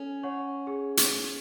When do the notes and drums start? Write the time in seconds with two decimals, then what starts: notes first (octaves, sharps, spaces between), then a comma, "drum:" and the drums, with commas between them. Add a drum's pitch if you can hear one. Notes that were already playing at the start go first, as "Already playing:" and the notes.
Already playing: C#4 A4
0.23 C#5 F#5 C#6
0.67 G#4
0.97 drum: hi-hat